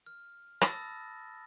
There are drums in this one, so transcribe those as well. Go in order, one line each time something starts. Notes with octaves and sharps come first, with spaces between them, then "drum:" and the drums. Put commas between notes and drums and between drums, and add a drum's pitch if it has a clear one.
F6
A5 B5 D#6 E6 A6 A#6, drum: rim click